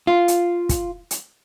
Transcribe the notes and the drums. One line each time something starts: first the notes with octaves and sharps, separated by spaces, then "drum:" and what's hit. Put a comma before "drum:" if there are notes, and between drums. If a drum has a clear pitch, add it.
F4
drum: hi-hat
drum: kick, hi-hat
drum: hi-hat